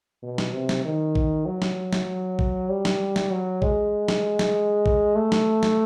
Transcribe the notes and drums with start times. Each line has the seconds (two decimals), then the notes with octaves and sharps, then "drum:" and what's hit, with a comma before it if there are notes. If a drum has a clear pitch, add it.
0.23 B2
0.38 drum: snare
0.53 C3
0.69 drum: snare
0.85 D#3
1.15 drum: kick A1
1.46 F#3
1.62 drum: snare
1.93 drum: snare
2.39 drum: kick A1
2.70 G3
2.85 drum: snare
3.16 drum: snare
3.31 F#3
3.62 G#3, drum: kick A1
4.08 drum: snare
4.39 drum: snare
4.86 drum: kick A1
5.16 A3
5.32 drum: snare
5.63 drum: snare